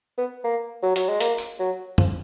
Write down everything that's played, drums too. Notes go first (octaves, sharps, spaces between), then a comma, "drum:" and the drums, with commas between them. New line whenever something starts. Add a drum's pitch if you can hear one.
B3
A#3
F#3
F#3, drum: hi-hat
G#3
A#3, drum: hi-hat
drum: tambourine
F#3
F3, drum: tom